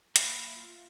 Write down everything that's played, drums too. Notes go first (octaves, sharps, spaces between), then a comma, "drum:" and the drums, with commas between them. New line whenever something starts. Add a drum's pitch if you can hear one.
A#3 E5 F5 B5, drum: hi-hat
F4